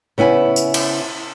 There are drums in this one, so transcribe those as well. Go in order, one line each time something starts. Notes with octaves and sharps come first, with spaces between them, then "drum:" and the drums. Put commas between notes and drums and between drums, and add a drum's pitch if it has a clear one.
C#3 B3 E4 G#5
drum: tambourine
drum: cymbal